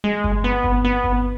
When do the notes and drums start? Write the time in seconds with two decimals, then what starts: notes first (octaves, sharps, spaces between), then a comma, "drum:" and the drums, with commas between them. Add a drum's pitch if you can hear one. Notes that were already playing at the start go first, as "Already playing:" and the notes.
0.04 G#3
0.24 drum: kick G1
0.44 B3
0.64 drum: kick G1
0.85 B3
1.04 drum: kick G1